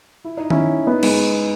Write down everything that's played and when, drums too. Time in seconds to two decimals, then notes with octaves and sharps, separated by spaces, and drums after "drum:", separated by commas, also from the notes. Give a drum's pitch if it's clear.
0.25 E4
0.37 D#4
0.50 C#4 E4, drum: tom D#3
0.87 B3 D#4
1.03 G#3 B3, drum: cymbal